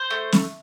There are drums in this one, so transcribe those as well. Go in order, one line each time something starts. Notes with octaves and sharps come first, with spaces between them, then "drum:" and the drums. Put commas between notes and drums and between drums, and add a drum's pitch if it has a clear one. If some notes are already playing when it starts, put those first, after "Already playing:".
Already playing: C5
A3
drum: snare